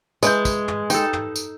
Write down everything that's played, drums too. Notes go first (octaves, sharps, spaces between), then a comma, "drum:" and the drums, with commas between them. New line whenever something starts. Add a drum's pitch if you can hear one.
E3 G#3 E4 B4 D#5 G6, drum: tambourine
drum: kick, tambourine
drum: tom
D#4 G4 A4 G5, drum: tambourine
drum: tom
drum: tambourine